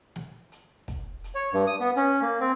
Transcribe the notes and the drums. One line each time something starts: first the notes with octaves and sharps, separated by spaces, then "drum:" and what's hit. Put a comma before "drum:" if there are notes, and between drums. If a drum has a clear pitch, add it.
drum: snare
drum: hi-hat
drum: kick, hi-hat
drum: hi-hat
C#5
G2
D#6
B3
C#4, drum: hi-hat
A#3
C4